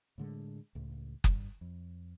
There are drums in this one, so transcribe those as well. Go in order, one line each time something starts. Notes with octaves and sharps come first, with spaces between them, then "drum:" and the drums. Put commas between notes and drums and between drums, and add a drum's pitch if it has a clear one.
A2 D3 G#3
C#2 A2
G2, drum: kick F#1
F2